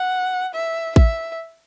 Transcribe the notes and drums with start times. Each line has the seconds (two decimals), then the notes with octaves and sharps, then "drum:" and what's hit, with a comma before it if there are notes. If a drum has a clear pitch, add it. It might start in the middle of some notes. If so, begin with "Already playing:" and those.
Already playing: F#5
0.54 E5
0.96 E5, drum: kick A1